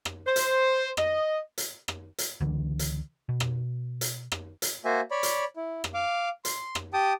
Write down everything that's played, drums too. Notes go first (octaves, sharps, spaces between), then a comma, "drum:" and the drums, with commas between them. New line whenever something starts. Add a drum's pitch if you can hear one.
drum: rim click
C5
drum: hi-hat
D#5, drum: rim click
drum: hi-hat
drum: rim click
drum: hi-hat
C#2 D3 E3
drum: hi-hat
B2
drum: rim click
drum: hi-hat
drum: rim click
drum: hi-hat
A#3 F#4 C5 E5 G#5
C#5 D5 B5
drum: hi-hat
E4
drum: rim click
F5 D6
C6, drum: hi-hat
drum: rim click
G4 G5 A5 D#6